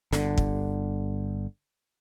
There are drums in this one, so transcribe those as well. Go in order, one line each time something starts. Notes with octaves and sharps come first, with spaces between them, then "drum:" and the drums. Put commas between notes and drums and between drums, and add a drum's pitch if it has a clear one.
G1 D3, drum: snare
drum: kick